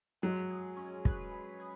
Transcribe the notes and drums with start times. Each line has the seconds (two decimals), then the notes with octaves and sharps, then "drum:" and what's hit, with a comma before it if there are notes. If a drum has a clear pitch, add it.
0.22 F#3 G#3
0.50 G#4
0.77 C#4
1.05 B4, drum: kick
1.31 G#3
1.60 G#4